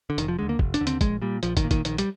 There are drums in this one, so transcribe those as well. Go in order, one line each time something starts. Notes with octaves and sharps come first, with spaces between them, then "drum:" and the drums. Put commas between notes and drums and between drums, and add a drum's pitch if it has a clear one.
D3
F1 D#3, drum: hi-hat
F3
D#2 D3 G#3
A#3
F1, drum: kick
D4, drum: hi-hat
D#2 D3
C4, drum: hi-hat
A#1 G#3, drum: kick, hi-hat
A#2 G3
A#1 F3, drum: hi-hat
D#3, drum: kick, hi-hat
A#2
D#3, drum: kick, hi-hat
A#1 D#3, drum: hi-hat
G3, drum: hi-hat